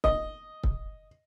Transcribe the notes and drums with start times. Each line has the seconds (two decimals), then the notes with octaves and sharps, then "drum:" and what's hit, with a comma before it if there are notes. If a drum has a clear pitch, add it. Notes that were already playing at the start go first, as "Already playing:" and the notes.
0.04 D#5, drum: kick
0.64 drum: kick